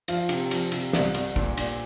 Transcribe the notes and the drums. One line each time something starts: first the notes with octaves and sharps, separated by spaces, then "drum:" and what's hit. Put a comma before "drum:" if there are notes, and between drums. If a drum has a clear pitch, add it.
F3 F4, drum: cymbal
C3, drum: cymbal
F3, drum: cymbal
C3, drum: cymbal
C2, drum: snare
C2, drum: cymbal
A#2, drum: kick
A#2, drum: cymbal